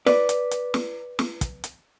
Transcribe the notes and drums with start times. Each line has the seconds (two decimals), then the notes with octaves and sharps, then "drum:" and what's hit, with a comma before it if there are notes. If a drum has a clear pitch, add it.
0.06 B4 D5, drum: snare
0.29 drum: hi-hat
0.51 drum: hi-hat
0.74 drum: snare
1.19 drum: snare
1.41 drum: kick, hi-hat
1.64 drum: hi-hat